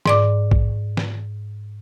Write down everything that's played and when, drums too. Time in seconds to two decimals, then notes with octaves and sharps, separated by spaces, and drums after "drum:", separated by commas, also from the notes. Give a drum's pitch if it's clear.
0.06 G#2 D5 D6, drum: snare
0.51 drum: kick A#1
0.97 drum: snare